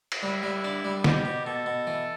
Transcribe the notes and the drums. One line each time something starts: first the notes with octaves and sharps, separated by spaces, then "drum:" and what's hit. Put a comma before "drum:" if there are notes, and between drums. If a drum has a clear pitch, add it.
drum: cymbal
G3 E4
G3
D4
G3
B2 G4, drum: snare
B2
B2 A4
B2
E3